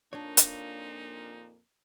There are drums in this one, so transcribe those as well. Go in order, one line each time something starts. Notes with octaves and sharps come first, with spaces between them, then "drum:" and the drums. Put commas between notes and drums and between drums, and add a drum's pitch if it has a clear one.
F2 A#2 A#3 D4 D#4 C#5
drum: hi-hat